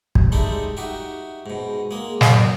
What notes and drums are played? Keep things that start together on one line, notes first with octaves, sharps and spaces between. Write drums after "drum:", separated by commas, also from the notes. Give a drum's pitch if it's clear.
drum: kick
G3 G#3 C4 D#4 A4 E5
D#4 F#4 G4 E5
G#2 B2
G#3 A#3
F#2, drum: snare